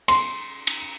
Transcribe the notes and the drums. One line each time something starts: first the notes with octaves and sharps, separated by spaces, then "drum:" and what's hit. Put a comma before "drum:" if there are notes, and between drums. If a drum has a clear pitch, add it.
C6, drum: cymbal
drum: cymbal